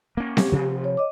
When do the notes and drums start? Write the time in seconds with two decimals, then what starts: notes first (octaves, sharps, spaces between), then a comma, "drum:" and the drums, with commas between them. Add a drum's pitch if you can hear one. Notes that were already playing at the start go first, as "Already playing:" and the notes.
0.17 A#3 C#4
0.37 G4, drum: snare C4
0.52 C3 F3
0.84 C#5
0.97 D#5 D6